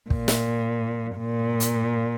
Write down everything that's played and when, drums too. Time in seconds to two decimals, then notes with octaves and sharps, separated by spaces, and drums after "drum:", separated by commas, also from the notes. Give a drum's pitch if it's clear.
0.10 A#2, drum: kick
0.28 drum: snare
1.18 A#2
1.60 drum: hi-hat